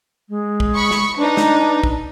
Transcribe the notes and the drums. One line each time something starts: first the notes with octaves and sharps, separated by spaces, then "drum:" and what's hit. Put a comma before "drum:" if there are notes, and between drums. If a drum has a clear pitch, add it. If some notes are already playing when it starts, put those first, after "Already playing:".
G#3
drum: kick
B5 C#6
drum: snare
D4 D#4 B4
drum: snare
drum: kick